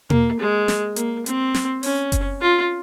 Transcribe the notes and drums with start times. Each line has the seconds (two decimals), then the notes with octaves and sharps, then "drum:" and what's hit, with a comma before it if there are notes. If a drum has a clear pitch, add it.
0.10 A#3, drum: tom B2
0.40 G#3
0.68 drum: snare
0.96 A#3, drum: hi-hat
1.26 C4, drum: hi-hat
1.54 drum: snare
1.83 C#4, drum: open hi-hat
2.12 drum: kick F#1, hi-hat
2.41 F4